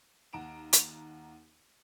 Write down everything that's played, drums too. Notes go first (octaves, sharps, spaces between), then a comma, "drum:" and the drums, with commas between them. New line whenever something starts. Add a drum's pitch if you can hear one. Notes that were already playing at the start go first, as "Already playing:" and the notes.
D#2 F#5 A#5 D7 E7
drum: hi-hat